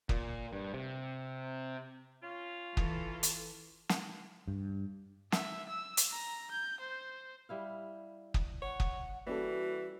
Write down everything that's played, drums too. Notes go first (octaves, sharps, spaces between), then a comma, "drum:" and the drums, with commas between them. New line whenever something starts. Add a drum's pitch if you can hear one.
A#2, drum: kick
G2
C3
C#4 F4
E3 A4, drum: kick
drum: hi-hat
drum: snare
G2
E5, drum: snare
E6
drum: hi-hat
A#5
G6
C5
G3 E4 F5
drum: kick
C#5 F#5
drum: kick
E3 G3 A#3 C#4 F#4 A4